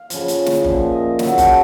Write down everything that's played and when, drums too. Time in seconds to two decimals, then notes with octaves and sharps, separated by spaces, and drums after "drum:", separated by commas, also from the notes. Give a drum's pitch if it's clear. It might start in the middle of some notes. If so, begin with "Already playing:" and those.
Already playing: F5
0.10 C#3 F3, drum: hi-hat
0.28 drum: hi-hat
0.46 drum: snare
0.65 A#2 F3 E5, drum: kick F#1
0.92 D#5
1.19 C#3 F#3 E5, drum: snare
1.38 A5, drum: kick F#1, hi-hat